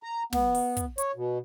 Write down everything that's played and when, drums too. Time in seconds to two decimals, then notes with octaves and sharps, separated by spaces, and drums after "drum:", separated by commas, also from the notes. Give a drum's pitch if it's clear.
0.03 A#5
0.33 B3, drum: snare
0.55 drum: open hi-hat
0.77 drum: kick, hi-hat
0.98 C#5, drum: hi-hat
1.16 B2